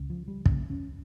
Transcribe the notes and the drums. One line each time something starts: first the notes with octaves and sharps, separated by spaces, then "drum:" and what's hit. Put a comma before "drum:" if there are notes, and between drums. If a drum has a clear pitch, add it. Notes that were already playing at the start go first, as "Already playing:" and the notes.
Already playing: C#2 C#3
F3
G3
C#2 C#3 A#3, drum: kick
C#4